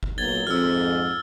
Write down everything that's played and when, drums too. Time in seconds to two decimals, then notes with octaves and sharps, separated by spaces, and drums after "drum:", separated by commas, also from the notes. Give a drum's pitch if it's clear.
0.03 drum: kick G1
0.18 B1 A#2 F#3 G#6 A6 G7
0.47 F2 G#2 E6 F6